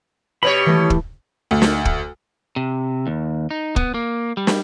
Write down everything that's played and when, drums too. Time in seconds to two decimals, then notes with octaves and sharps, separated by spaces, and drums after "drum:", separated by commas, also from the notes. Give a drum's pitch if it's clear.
0.43 B2 G4 C5 C#5 B5
0.66 E3 A3
0.90 drum: kick
1.51 D2
1.62 drum: snare
1.85 drum: kick
2.56 C3
3.07 D#2
3.51 D#4
3.76 B3, drum: kick
3.94 A#3
4.37 G3
4.47 drum: snare